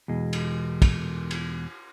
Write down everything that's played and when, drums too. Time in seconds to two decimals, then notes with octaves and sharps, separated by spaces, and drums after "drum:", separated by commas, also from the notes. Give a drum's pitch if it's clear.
0.08 E2 B2 G#3
0.33 drum: cymbal
0.82 drum: kick, cymbal
1.31 drum: cymbal